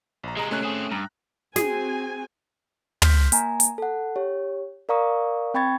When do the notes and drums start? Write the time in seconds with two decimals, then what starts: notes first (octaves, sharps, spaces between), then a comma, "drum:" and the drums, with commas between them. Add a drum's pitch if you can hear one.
0.24 A#1 A#5
0.37 C3 G#3 G#4 A#5
0.51 A3 C#4 F#6
0.63 C4 G#4
0.92 G2 A#5
1.56 C4 F#4 G#4 G#5, drum: snare
3.02 C6 F6 G6 B6, drum: tom
3.32 A#3 G#5 A#5, drum: hi-hat
3.60 drum: hi-hat
3.78 A4 F#5
4.16 G4 C#5
4.89 A#4 D5 F5 A#5 C#6 D#6
5.54 C4 G5 B5 C#6 G#6 A6